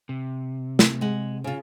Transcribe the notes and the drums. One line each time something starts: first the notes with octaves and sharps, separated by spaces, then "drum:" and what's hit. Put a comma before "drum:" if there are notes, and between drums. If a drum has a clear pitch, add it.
C3
drum: snare
G#3 F#5
C#3 F4